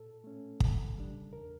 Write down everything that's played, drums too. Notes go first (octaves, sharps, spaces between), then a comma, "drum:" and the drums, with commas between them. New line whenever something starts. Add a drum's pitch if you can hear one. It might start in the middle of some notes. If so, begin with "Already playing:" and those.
Already playing: A#2 A4
A3 C#4
D2, drum: kick
C#3 G3 D4
E2 A#4